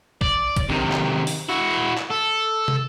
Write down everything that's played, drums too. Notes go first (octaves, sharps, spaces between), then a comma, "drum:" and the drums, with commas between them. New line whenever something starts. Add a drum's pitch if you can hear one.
D5, drum: kick A#1
drum: kick A#1, hi-hat
C3 D#3
drum: clap
drum: open hi-hat
E4 F#4
drum: clap
A4
drum: tom